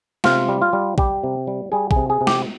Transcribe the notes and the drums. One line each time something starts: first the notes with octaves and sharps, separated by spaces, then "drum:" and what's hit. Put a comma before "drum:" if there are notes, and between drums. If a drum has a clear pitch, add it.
C3 F4, drum: snare
G3
F4
G3
G3 G4, drum: kick A#1
C3
G3
G3 G#4
G#4, drum: kick A#1
C3
G#4
C3
G4, drum: snare